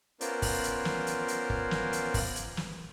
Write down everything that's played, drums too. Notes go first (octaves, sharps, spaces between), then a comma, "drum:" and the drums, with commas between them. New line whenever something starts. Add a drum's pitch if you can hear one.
B3 C#4 F4 A#4 C5 D5, drum: hi-hat
drum: kick, open hi-hat
drum: hi-hat
drum: snare
drum: hi-hat
drum: hi-hat
drum: kick
drum: snare
drum: hi-hat
drum: kick, open hi-hat
drum: hi-hat
drum: snare